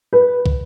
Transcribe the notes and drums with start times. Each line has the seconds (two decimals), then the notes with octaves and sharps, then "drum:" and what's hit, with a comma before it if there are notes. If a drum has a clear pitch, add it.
0.13 B4
0.46 drum: kick